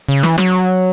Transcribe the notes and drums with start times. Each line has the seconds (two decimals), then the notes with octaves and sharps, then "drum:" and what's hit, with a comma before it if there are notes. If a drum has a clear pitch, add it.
0.09 C#3
0.23 E3, drum: snare
0.38 F#3, drum: snare